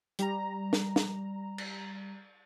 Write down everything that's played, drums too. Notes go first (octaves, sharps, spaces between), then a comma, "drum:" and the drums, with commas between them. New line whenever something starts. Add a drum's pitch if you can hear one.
G3 A#5, drum: hi-hat
drum: snare
drum: snare
drum: cymbal